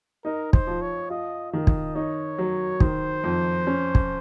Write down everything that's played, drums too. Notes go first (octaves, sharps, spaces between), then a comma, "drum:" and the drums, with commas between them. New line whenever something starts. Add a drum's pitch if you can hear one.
D#4 A#4
C5, drum: kick
F3
C#5
F4 D#5
D#3 D#5
drum: kick
D#4 C#5
F#3
D#3 C5, drum: kick
F2
C#4
drum: kick